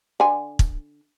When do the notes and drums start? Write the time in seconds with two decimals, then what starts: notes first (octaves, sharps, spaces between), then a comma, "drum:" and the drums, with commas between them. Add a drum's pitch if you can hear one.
0.20 D3 G#5
0.59 drum: kick